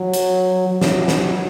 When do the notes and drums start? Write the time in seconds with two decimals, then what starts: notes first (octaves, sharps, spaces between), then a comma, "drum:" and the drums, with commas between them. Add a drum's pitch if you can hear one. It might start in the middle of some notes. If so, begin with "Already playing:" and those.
Already playing: F#3
0.14 drum: hi-hat
0.67 F#3
0.81 drum: snare
1.08 drum: snare